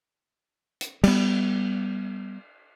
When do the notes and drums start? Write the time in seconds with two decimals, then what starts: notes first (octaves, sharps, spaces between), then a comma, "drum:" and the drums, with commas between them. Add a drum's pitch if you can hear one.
0.81 drum: hi-hat
1.04 G3 B3, drum: cymbal